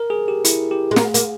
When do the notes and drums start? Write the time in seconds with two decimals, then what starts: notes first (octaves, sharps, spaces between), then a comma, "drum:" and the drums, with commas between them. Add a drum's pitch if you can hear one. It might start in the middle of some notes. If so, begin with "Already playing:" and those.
Already playing: A#4
0.10 G#4
0.28 G4
0.45 E4, drum: hi-hat
0.71 G4
0.91 G#3
0.96 A#3 G#4, drum: snare
1.14 A#3, drum: hi-hat